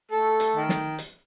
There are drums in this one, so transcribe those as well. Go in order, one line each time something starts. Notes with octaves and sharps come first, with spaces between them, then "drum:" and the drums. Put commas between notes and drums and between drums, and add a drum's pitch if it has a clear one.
A3 A4
drum: hi-hat
D#3
drum: snare
drum: hi-hat